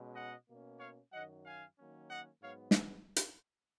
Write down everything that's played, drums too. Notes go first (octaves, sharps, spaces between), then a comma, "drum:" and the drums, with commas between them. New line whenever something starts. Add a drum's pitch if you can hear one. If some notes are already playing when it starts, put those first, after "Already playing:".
Already playing: B2 G#3 C#4
D#5 F#5
B2 A#3 C#4
C#5 F5
F#2 D#3 F#3 D#5 F#5
F5 G#5
D#3 F#3 A#3 C#4
D#5 F#5
G#2 F#3 B3 C#5 F5
drum: snare
drum: hi-hat